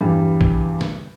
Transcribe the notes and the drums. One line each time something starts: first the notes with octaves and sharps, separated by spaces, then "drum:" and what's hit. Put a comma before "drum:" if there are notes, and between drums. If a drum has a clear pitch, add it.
E2 G2 G3
drum: kick
drum: snare